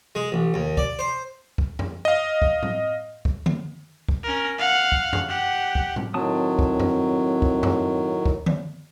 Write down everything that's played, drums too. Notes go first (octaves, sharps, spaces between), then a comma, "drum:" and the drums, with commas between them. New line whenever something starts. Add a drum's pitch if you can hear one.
G#3
A1
D#2
D5, drum: kick
C5
drum: kick
drum: tom F2
D#5 F5
drum: kick
drum: tom A2
drum: kick
drum: tom D3
drum: kick
C#4 A#4
F5 F#5
drum: kick
drum: tom F2
G4 F#5
drum: kick
drum: tom A2
A2 D#3 F#3 C4 A5 D#6
drum: kick
drum: tom F2
drum: kick
drum: tom F2
drum: kick
drum: tom D3